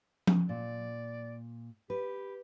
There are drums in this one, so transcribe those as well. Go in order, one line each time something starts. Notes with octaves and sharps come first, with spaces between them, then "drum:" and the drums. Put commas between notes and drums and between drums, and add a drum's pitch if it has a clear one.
drum: tom F3
A#2 D5
G4 B4